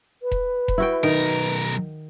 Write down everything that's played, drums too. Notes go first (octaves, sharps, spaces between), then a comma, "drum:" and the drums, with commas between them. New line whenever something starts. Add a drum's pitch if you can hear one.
B4
drum: kick E1
drum: kick E1
E4 F#4 G5
B1 D#3 A#4